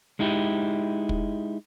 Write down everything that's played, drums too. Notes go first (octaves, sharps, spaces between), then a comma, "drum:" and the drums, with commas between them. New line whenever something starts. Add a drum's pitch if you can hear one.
G#3 D#4 E4 G4
drum: kick